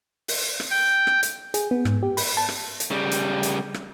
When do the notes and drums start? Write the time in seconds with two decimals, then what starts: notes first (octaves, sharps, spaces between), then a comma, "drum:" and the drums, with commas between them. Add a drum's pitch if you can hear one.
0.28 drum: open hi-hat
0.60 drum: rim click
0.71 G5
1.07 drum: rim click
1.23 drum: hi-hat
1.54 G#4, drum: hi-hat
1.71 B3
1.85 G#2, drum: rim click
2.03 G4
2.17 B5, drum: open hi-hat
2.37 A5
2.49 drum: rim click
2.80 drum: hi-hat
2.91 C#3 G3
3.11 drum: hi-hat
3.43 drum: hi-hat
3.74 drum: rim click